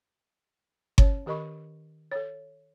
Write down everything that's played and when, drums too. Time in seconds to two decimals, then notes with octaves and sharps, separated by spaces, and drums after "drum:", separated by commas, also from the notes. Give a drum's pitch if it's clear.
0.98 C#4 C#5, drum: kick G1
1.26 D#3 G4 A#4 D#5 B5 C#6
2.12 A4 C#5